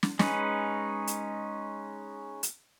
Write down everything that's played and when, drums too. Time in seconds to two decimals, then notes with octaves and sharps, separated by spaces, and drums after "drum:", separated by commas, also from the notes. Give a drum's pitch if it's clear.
0.03 drum: snare
0.19 G#3 C#4 D#4 B4, drum: snare
1.07 drum: hi-hat
2.43 drum: hi-hat